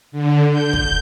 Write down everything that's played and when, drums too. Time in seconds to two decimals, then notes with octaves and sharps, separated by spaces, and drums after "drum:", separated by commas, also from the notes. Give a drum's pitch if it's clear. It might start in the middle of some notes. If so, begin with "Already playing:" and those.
0.12 D3
0.51 G6
0.73 drum: kick